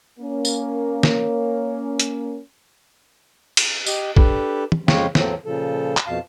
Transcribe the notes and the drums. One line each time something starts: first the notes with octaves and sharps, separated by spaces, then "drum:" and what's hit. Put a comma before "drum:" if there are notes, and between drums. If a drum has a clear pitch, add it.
A#3 C#4
drum: tambourine
drum: snare
drum: hi-hat
drum: cymbal
G4 D#5, drum: tambourine
D4 G4 A4 B4, drum: kick
drum: tom
F2 C#3 G#3 C#5 F5 G5, drum: snare
E2 A2 F3 F#3 C4, drum: snare
A#2 C#3 F3 A4
drum: clap
F2 B2 F5 A5